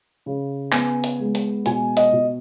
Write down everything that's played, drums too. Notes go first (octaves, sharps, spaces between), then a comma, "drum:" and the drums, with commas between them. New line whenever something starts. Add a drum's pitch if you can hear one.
C#3
B3 G#5, drum: clap
drum: hi-hat
G#3
drum: hi-hat
B2 G#5, drum: hi-hat
D#5, drum: hi-hat
B2